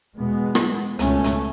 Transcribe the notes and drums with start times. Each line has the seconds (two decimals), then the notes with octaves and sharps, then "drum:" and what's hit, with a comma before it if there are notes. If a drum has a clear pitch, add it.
0.17 E2 B2 G#3 B3
0.55 drum: rim click
0.99 C#2 B2 A3 C#4, drum: hi-hat
1.24 drum: hi-hat